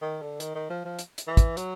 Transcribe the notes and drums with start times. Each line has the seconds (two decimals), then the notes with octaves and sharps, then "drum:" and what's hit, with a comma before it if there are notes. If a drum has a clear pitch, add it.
0.01 D#3
0.22 D3
0.40 D#3, drum: hi-hat
0.55 D#3
0.70 F3
0.85 F3
0.99 drum: hi-hat
1.18 drum: hi-hat
1.27 E3
1.37 drum: kick, hi-hat
1.57 F#3, drum: hi-hat